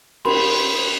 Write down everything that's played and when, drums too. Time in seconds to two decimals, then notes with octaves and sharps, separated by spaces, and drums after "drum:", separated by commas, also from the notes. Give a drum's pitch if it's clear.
0.25 A#4 B5 C6, drum: cymbal